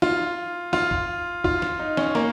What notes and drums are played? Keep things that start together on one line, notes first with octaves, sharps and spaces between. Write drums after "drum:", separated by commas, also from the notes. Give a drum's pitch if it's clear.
F4, drum: snare
F4, drum: snare
drum: kick
F4, drum: kick
drum: snare
D#4
C#4, drum: snare
A#3, drum: snare